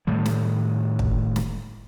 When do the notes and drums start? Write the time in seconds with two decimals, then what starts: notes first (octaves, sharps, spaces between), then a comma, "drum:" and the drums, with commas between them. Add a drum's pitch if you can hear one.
0.07 A2 D#3 G3
0.26 drum: snare
0.99 drum: kick
1.36 drum: snare